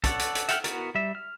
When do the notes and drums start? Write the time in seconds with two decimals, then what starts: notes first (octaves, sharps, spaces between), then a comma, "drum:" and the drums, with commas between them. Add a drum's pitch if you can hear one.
0.04 A4 C#5 D5 F#5, drum: kick, hi-hat
0.19 drum: hi-hat
0.35 drum: hi-hat
0.49 E5 F#5 G5 A#5 F6, drum: hi-hat
0.64 B3 E4 F#4 A#4, drum: hi-hat
0.95 G3 E5
1.15 F6